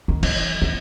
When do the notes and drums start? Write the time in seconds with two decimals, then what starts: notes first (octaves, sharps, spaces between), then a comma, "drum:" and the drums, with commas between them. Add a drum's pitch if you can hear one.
0.08 D#3
0.23 E3, drum: cymbal
0.62 B3